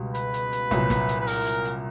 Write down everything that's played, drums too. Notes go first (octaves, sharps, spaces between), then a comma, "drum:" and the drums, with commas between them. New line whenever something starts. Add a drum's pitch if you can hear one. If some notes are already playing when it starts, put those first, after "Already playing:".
Already playing: C#2 B2 G3
B4, drum: hi-hat
drum: hi-hat
drum: hi-hat
C2 A#2 F#3, drum: snare
drum: snare
drum: hi-hat
B4
A#4, drum: open hi-hat
drum: hi-hat
drum: hi-hat